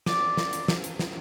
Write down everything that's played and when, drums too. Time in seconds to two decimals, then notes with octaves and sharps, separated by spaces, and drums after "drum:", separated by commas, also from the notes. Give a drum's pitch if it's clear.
0.06 D5 D6, drum: snare
0.37 drum: snare
0.53 drum: hi-hat
0.68 drum: snare
0.84 drum: hi-hat
0.99 drum: snare